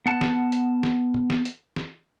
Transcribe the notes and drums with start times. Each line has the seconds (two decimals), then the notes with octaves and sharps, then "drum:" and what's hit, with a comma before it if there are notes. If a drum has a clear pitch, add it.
0.06 B3 F#5 A5
0.21 drum: snare
0.52 drum: hi-hat
0.83 drum: snare
1.14 drum: tom
1.30 drum: snare
1.45 drum: hi-hat
1.76 drum: snare